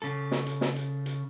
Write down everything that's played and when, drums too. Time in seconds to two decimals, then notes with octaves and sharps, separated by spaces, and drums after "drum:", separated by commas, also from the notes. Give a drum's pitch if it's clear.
0.02 C#3 A4
0.31 drum: snare
0.46 drum: hi-hat
0.61 drum: snare
0.76 drum: hi-hat
1.06 drum: hi-hat